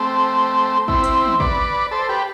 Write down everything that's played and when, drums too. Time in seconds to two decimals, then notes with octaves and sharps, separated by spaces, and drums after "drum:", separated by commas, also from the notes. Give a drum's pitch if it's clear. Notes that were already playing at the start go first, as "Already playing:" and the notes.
Already playing: A3 C4
0.88 C4 E4, drum: kick
1.04 drum: hi-hat
1.25 drum: tom
1.40 B4 D5, drum: kick
1.91 A4 C5
2.09 G4 B4